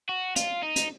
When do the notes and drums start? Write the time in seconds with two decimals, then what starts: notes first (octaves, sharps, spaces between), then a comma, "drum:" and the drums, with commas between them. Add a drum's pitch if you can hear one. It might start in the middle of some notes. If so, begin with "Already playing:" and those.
0.09 F#4
0.36 F4, drum: hi-hat
0.63 D#4
0.76 drum: hi-hat